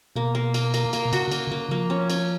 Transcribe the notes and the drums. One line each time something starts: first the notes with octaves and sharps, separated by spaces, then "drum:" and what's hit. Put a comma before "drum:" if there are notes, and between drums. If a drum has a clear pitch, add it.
B2 A#3
A#3
A#3, drum: cymbal
A#3, drum: cymbal
A#3, drum: cymbal
B2
C#3 F#4, drum: cymbal
C#3 A#3, drum: cymbal
C#3 A#3
F3 A#3
C#4
C#4, drum: cymbal